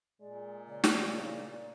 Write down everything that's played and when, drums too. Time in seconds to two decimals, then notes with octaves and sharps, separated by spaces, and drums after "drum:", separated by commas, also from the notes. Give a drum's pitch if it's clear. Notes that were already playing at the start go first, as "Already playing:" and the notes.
0.21 A#2 G#3 D5
0.68 C#3 D5
0.84 drum: snare